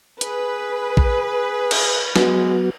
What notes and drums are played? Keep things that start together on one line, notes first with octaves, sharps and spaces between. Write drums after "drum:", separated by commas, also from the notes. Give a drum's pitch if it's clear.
G#4 B4, drum: hi-hat
drum: kick A1
drum: cymbal
F#3 G#3 B3 F#4, drum: snare